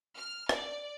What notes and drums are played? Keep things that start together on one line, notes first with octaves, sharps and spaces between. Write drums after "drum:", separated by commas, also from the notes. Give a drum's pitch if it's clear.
F6
D5, drum: rim click